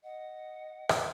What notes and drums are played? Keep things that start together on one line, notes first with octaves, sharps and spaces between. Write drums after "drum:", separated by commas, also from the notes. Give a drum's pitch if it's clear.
D#5 F#5
drum: rim click